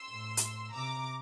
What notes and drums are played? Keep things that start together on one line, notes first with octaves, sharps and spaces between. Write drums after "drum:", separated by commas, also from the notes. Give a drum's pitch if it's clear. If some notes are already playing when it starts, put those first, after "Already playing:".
Already playing: C6 E6
A2
drum: hi-hat
C3 A#5 D6